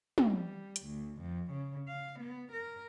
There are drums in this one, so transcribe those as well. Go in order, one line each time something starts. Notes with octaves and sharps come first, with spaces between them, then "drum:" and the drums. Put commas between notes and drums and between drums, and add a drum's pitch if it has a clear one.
drum: tom
G3
drum: hi-hat
D2
F2
C#3
F5
B3
A#4